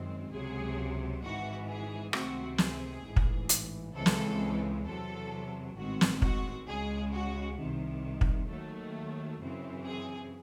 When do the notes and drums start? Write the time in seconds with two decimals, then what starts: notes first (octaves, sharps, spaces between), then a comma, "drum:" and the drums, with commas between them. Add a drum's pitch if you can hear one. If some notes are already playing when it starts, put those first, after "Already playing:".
Already playing: G#1 F#2 D#3 G#3 C4
0.31 C#2 C3 F#3 G#4
1.22 G#1 G#2 E3 F#4
1.68 G#4
2.13 C#2 C3 D#3 A3 C4 F#4, drum: rim click
2.58 G#4, drum: snare
3.04 A1 G#2 E3
3.16 drum: kick
3.49 drum: hi-hat
3.95 C#2 C#3 E3 G#3 C4 A4
4.06 drum: snare
4.85 E2 C3 F#3 A4
5.76 A1 G#2 D#3 G#3 C4 F#4
6.01 drum: snare
6.22 F#4, drum: kick
6.67 C#2 C#3 G#3 G#4
7.12 F#4
7.58 C2 C3 D#3
8.21 drum: kick
8.49 D#2 D#3 F#3 A3
9.40 F#2 C#3 E3 C4
9.85 G#4